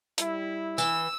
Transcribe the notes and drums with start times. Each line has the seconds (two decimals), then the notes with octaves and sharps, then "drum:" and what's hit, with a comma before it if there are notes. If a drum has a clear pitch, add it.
0.18 G3 E4, drum: hi-hat
0.78 E3 E6, drum: tambourine